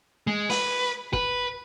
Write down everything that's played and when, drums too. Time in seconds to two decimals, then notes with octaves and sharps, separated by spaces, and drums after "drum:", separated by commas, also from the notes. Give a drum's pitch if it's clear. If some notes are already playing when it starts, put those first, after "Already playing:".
0.27 G#3
0.50 B4, drum: open hi-hat
1.13 B4, drum: kick